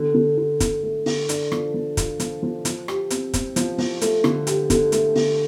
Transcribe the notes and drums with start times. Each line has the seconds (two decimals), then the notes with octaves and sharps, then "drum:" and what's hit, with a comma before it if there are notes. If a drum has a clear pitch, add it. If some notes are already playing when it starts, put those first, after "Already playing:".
Already playing: D3
0.14 D3
0.38 D3
0.60 D3, drum: kick, hi-hat
0.83 A3
1.06 D3, drum: open hi-hat
1.29 D4, drum: hi-hat
1.52 F3, drum: rim click
1.74 F3
1.97 F4, drum: kick, hi-hat
2.20 F3, drum: hi-hat
2.43 F3
2.65 F3, drum: hi-hat
2.88 G4, drum: rim click
3.10 C4, drum: hi-hat
3.33 C4, drum: kick, hi-hat
3.56 F3, drum: hi-hat
3.78 F3, drum: open hi-hat
4.01 A3, drum: hi-hat
4.24 D3, drum: rim click
4.47 G4, drum: hi-hat
4.70 D3, drum: kick, hi-hat
4.92 A3, drum: hi-hat
5.15 D3, drum: open hi-hat